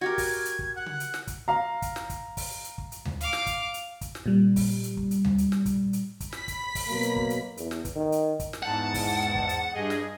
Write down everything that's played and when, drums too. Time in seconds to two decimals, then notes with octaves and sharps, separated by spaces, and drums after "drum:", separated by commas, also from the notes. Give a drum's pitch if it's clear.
0.01 F#4 G4 A#4 G#6
0.18 drum: kick, open hi-hat
0.45 drum: hi-hat
0.59 drum: kick
0.76 F#5
0.86 drum: tom C#3
1.00 drum: hi-hat
1.14 drum: snare
1.27 drum: kick, hi-hat
1.48 F5 A#5
1.82 drum: kick, hi-hat
1.96 drum: snare
2.10 drum: kick, hi-hat
2.37 drum: kick, open hi-hat
2.64 drum: hi-hat
2.78 drum: kick
2.92 drum: hi-hat
3.05 drum: tom D2
3.21 F5 D6, drum: hi-hat
3.33 drum: snare
3.47 drum: kick, hi-hat
3.74 drum: hi-hat
4.01 drum: kick, hi-hat
4.15 drum: snare
4.26 A#2 G3
4.56 drum: kick, open hi-hat
4.83 drum: hi-hat
4.97 drum: kick
5.11 drum: hi-hat
5.25 drum: tom D2
5.38 drum: hi-hat
5.52 drum: snare
5.66 drum: kick, hi-hat
5.93 drum: hi-hat
6.20 drum: kick, hi-hat
6.33 B5 B6, drum: snare
6.48 drum: kick, hi-hat
6.75 drum: kick, open hi-hat
6.89 B2 F#3 A#3
7.03 drum: hi-hat
7.16 drum: kick
7.30 drum: hi-hat
7.57 E2, drum: hi-hat
7.71 drum: snare
7.85 drum: kick, hi-hat
7.96 D#3
8.12 drum: hi-hat
8.40 drum: kick, hi-hat
8.53 drum: snare
8.63 E2 G#2 F#5 A5
8.94 drum: kick, open hi-hat
9.35 drum: kick
9.49 drum: hi-hat
9.73 G2 G#4 D#5
9.90 drum: snare